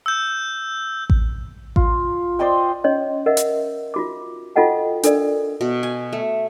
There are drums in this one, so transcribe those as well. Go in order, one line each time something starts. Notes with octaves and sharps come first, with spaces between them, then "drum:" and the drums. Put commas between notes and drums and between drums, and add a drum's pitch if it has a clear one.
E6 G6
drum: kick A1
F4, drum: kick A1
C5 D5 D#5 G5
C#4 C#5 D#5
A#4 D#5 E5 F#5
drum: hi-hat
F4 F#4 D6
F4 F#4 A4 D#5 F#5 G5
D4 A4 A#4 D5, drum: hi-hat
B2
G#5
A3